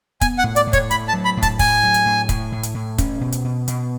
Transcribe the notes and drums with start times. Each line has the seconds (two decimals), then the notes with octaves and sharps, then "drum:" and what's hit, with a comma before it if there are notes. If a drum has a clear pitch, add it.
0.21 B3 G#5, drum: kick, hi-hat
0.38 F#5
0.44 A2
0.56 D5, drum: hi-hat
0.67 A2
0.73 C#5, drum: kick, hi-hat
0.91 A2 B5, drum: hi-hat
1.08 A5
1.13 F#3
1.25 B5
1.37 A2
1.42 A5, drum: kick, hi-hat
1.59 A2 G#5, drum: kick, open hi-hat
1.83 F#3
1.94 drum: hi-hat
2.06 A2
2.29 A2, drum: kick, hi-hat
2.52 A2
2.63 drum: hi-hat
2.74 A2
2.98 C#4, drum: kick, hi-hat
3.21 B2
3.32 drum: hi-hat
3.44 B2
3.68 B2, drum: hi-hat